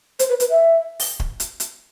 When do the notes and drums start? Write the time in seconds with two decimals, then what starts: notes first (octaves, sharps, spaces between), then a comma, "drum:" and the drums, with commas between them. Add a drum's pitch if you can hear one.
0.19 C5, drum: hi-hat
0.29 B4
0.40 B4, drum: hi-hat
0.50 E5
1.00 drum: open hi-hat
1.20 drum: kick
1.40 drum: hi-hat
1.60 drum: hi-hat